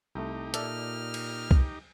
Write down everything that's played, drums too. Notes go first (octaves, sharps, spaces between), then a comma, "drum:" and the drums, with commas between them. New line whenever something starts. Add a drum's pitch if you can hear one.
C2 A3 D#4 G4
A#2 A4 D5 E5 F6, drum: hi-hat
drum: cymbal
drum: kick